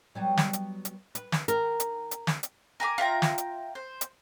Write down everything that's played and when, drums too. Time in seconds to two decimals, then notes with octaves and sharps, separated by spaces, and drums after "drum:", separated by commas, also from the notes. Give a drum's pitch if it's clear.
0.15 F#3 G3 B3
0.37 drum: snare
0.53 drum: hi-hat
0.85 drum: hi-hat
1.15 B4, drum: hi-hat
1.32 drum: snare
1.48 D#3 A#4, drum: hi-hat
1.80 drum: hi-hat
2.11 drum: hi-hat
2.27 drum: snare
2.43 drum: hi-hat
2.80 A#4 G#5 B5 D6
2.98 F4 E5 G5 A#5
3.22 drum: snare
3.38 drum: hi-hat
3.75 C5
4.01 drum: hi-hat